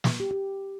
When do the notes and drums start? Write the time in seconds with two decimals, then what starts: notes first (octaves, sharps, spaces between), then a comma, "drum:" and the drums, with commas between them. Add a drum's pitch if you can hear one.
0.04 drum: snare
0.20 G4
0.31 G4